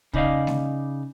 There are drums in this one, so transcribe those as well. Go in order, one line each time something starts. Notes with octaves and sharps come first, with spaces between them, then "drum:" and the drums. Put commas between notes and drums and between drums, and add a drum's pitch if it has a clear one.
C#3 D#4 D5 D#5 F5, drum: kick
drum: snare